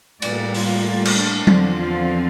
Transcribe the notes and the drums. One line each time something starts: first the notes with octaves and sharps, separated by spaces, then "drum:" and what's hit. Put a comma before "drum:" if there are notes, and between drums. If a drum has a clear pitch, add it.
A2 G3 A#3 D5, drum: cymbal
F4, drum: open hi-hat
drum: cymbal
D4
E2 D3 F3 C4, drum: tom F#3
F4